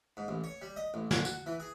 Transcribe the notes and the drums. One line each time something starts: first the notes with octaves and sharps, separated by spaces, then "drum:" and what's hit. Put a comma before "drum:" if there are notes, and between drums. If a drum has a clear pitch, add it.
G#2
A1
C#5
G3
D#5
A1
D3, drum: snare
F#4, drum: tambourine
E3
G#4